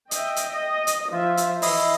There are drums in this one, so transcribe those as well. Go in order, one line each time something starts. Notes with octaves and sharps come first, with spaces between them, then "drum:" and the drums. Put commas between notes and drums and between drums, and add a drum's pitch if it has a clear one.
D#5 E5 G5, drum: hi-hat
drum: hi-hat
D#5
drum: hi-hat
F3 F4 E5
drum: hi-hat
E3 E4 D#5, drum: open hi-hat